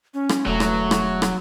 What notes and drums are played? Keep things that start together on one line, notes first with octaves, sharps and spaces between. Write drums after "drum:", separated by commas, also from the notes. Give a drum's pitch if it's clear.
C#4
drum: rim click
E1 F#3 A3
drum: rim click
drum: rim click
drum: rim click